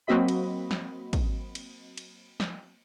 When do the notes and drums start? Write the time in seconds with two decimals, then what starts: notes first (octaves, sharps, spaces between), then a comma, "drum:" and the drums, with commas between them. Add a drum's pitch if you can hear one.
0.07 F#3 A#3 C4 F#4 D#5 B5
0.28 drum: cymbal
0.71 drum: snare
1.13 drum: kick, cymbal
1.55 drum: cymbal
1.98 drum: cymbal
2.40 drum: snare